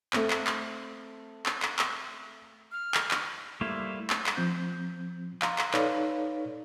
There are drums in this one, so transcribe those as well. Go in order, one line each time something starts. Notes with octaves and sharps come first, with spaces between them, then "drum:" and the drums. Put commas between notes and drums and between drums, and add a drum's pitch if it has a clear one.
A3 C4, drum: clap
drum: clap
drum: clap
drum: clap
drum: clap
drum: clap
F6
drum: clap
drum: clap
G3 A3 A#3 E4 C5
drum: clap
drum: clap
F3 C4 G6
F5 A#5 C6, drum: clap
drum: clap
D#4 A4 B4 C#5 D5 F5, drum: clap